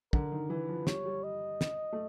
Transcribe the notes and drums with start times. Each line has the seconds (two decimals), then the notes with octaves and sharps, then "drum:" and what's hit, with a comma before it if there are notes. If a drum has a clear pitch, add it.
0.13 D3 A#4, drum: kick
0.32 D#3
0.50 E3 B4
0.68 F3
0.87 G3 C#5, drum: snare
1.06 G3
1.24 D#5
1.61 drum: snare
1.93 A3